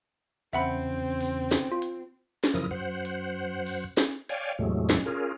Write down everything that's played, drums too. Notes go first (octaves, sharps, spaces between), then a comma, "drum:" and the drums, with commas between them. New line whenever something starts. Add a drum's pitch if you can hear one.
E2 C#3 C4 E5 F#5 B5
drum: open hi-hat
drum: snare
F4
drum: hi-hat
drum: snare
F#2 C#3 F3 E4 A#4 D#6
F#2 C5 F#5
drum: hi-hat
drum: open hi-hat
drum: snare
C#5 D5 F5 G5 G#5, drum: hi-hat
E2 A2 C3 F#3 G#3 A3
drum: snare
C#4 F4 G#4 A#4